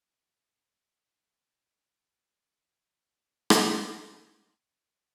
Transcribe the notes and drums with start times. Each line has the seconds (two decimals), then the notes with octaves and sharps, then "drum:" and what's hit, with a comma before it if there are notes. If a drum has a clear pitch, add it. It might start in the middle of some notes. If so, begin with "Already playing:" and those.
0.09 F#3 C6
0.92 A3
2.57 A#2
3.50 drum: rim click
4.39 F#1 A2 D3 D#3 A4 A6